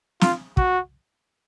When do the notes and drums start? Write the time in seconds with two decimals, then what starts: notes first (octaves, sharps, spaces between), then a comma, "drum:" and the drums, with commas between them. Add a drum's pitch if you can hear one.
0.21 F4, drum: snare
0.57 F#4, drum: kick